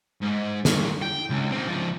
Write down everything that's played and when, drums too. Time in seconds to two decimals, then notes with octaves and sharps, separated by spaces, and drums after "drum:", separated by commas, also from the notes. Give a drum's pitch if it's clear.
0.22 G#2
0.65 G2 D#3, drum: snare
1.02 G5
1.30 C#2
1.51 C4 D#4
1.67 C#2 F3